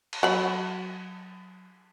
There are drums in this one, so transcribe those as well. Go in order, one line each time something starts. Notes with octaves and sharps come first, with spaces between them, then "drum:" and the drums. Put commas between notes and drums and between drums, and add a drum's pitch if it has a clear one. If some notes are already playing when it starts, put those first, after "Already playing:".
drum: cymbal
F#3 B5